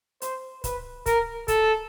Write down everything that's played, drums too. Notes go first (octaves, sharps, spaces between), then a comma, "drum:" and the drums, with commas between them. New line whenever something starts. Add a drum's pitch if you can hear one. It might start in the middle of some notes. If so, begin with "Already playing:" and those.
C5, drum: hi-hat
B4, drum: kick C#1, hi-hat
A#4, drum: kick C#1, hi-hat
A4, drum: kick C#1, hi-hat